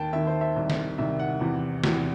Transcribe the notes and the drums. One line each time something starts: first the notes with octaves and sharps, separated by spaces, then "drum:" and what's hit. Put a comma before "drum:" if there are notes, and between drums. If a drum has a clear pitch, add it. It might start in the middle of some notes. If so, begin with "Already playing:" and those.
Already playing: D#2 D#3 G5 A5
D#2 D#3 E5
C5
E5
C2 C3 D#3
drum: snare
C2 C3 D#3 E5
F#5
E2 C3 E3
E2 C3 E3, drum: snare